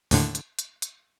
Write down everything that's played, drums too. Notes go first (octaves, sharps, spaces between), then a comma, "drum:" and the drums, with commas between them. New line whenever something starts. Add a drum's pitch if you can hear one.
D#2 A2 D3, drum: open hi-hat
drum: hi-hat
drum: hi-hat
drum: hi-hat